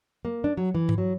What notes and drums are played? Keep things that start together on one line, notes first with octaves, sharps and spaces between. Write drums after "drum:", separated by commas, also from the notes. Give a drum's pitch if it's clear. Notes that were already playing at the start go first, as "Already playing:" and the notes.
A#3
D4
F#3
E3
drum: tom G2
F#3